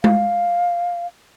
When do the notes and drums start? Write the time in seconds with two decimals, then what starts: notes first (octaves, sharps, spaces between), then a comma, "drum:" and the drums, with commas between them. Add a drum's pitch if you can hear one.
0.04 F5, drum: tom G#3